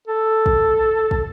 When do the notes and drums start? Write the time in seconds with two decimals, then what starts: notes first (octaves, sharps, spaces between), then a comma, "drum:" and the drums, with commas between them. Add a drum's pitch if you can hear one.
0.08 A4
0.46 drum: kick
1.11 drum: kick